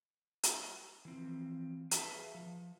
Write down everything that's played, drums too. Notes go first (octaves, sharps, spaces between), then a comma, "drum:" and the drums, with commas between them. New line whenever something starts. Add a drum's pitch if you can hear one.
drum: hi-hat
E3 F3 C4
G#4 B4 E5 F5 A5, drum: hi-hat
F3